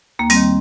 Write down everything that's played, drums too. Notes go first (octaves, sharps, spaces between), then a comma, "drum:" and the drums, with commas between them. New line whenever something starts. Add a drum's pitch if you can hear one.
D#2 A#3
G3 C4, drum: open hi-hat
D#3